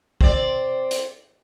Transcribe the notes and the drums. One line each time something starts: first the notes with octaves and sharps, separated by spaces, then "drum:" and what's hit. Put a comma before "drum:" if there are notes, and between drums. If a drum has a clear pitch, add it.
C4 D5, drum: kick
drum: hi-hat